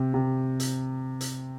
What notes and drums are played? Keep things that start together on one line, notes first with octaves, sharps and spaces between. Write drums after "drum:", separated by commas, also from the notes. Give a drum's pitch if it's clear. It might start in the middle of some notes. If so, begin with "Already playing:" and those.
Already playing: C3
C3
drum: hi-hat
drum: hi-hat